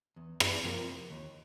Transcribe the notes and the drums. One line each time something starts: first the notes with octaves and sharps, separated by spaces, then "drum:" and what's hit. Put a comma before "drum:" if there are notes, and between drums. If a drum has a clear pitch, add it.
E2
drum: rim click
C3 F3 A#3
D#2